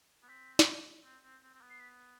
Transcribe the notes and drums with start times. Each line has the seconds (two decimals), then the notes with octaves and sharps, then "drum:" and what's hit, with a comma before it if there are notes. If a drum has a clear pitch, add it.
0.23 B3
0.29 C4 B6
0.59 drum: snare
1.04 C4
1.23 C4
1.43 C4
1.54 C4
1.61 B3
1.70 C7
1.80 B6